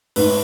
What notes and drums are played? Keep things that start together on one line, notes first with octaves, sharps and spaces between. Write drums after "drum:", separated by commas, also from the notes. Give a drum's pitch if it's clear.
G#2 B4, drum: open hi-hat